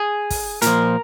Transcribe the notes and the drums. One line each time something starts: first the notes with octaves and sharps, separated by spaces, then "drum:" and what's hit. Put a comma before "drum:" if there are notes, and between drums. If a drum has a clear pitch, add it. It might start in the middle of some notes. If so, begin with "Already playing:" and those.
Already playing: G#4
drum: kick, open hi-hat
A#2 F3 A#4, drum: hi-hat